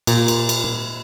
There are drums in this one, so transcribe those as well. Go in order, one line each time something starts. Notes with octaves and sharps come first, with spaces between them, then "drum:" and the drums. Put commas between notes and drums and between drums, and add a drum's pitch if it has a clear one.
A#2, drum: cymbal
drum: cymbal
drum: cymbal